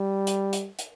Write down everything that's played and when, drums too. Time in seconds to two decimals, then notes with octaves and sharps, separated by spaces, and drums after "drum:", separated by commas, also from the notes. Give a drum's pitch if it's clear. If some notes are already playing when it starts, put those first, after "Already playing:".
Already playing: G3
0.27 drum: hi-hat
0.53 drum: hi-hat
0.79 drum: hi-hat